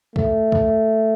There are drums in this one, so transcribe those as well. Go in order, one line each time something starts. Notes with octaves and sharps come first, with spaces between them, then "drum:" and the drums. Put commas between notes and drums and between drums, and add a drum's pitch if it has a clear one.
A3, drum: kick
drum: kick